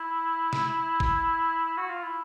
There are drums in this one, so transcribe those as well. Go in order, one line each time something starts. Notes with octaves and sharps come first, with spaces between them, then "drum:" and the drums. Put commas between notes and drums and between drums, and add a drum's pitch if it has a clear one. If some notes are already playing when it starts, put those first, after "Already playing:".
Already playing: E4
drum: snare
drum: kick G1
F#4
F4
E4